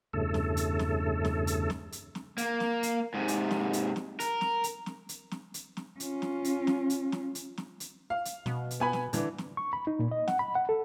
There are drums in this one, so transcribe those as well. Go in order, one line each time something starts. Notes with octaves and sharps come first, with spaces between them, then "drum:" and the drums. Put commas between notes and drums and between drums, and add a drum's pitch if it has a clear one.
E2 G2 C#3 A3 A4
drum: snare
drum: hi-hat
drum: snare
drum: snare
drum: hi-hat
drum: snare
drum: hi-hat
drum: snare
A#3, drum: hi-hat
drum: snare
drum: hi-hat
G#2 C3
drum: hi-hat
drum: snare
drum: hi-hat
drum: snare
A#4, drum: hi-hat
drum: snare
drum: hi-hat
drum: snare
drum: hi-hat
drum: snare
drum: hi-hat
drum: snare
C#4 F4, drum: hi-hat
drum: snare
drum: hi-hat
drum: snare
drum: hi-hat
drum: snare
drum: hi-hat
drum: snare
drum: hi-hat
F5
drum: hi-hat
B2, drum: snare
drum: hi-hat
B3 G#5 B5
drum: snare
D3 E3, drum: hi-hat
drum: snare
C#6
B5
D#4
A#2
D#5
F#5, drum: snare
B5
F#5
A4